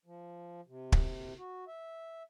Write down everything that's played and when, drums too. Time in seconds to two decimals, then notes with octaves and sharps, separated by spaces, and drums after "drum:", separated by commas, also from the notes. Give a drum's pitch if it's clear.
0.06 F3
0.67 C3
0.92 drum: kick
1.38 F#4
1.68 E5